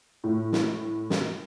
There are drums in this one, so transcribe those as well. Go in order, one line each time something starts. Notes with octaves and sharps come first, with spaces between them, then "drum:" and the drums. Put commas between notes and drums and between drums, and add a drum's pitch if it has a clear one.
A2
drum: snare
drum: snare